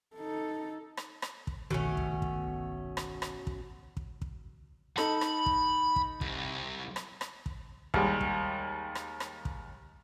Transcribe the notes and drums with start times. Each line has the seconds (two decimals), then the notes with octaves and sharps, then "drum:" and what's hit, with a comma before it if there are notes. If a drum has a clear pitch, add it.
0.16 D#4 A4
0.97 drum: rim click
1.22 drum: rim click
1.47 drum: kick
1.71 G1 C2 B2 D#3 A3 C#4
1.97 drum: kick
2.22 drum: kick
2.97 drum: rim click
3.22 drum: rim click
3.47 drum: kick
3.97 drum: kick
4.22 drum: kick
4.98 D#4 A4 B5, drum: rim click
5.21 drum: rim click
5.46 drum: kick
5.96 drum: kick
6.21 C2, drum: kick
6.96 drum: rim click
7.21 drum: rim click
7.46 drum: kick
7.94 D#2 G3 G#3, drum: kick
8.21 drum: kick
8.95 drum: rim click
9.20 drum: rim click
9.45 drum: kick